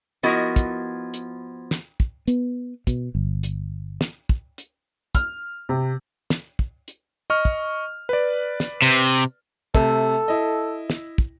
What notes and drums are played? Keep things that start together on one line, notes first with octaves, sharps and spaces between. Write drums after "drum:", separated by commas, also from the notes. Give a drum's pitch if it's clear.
F3 B3 E4 F#4 A#4 D#5
drum: kick, hi-hat
drum: hi-hat
drum: snare
drum: kick
B3, drum: hi-hat
B2, drum: kick, hi-hat
G1
drum: hi-hat
drum: snare
drum: kick
drum: hi-hat
F6, drum: kick, hi-hat
C3
drum: snare
drum: kick
drum: hi-hat
D#5 C#6 F6
drum: kick
B4 D5
drum: snare
C3
drum: hi-hat
C3 A3 A4, drum: kick, hi-hat
E4 D#5
drum: snare
drum: kick